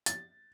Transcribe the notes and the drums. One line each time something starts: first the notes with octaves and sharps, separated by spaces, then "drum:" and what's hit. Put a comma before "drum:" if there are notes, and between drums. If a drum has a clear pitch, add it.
A6, drum: hi-hat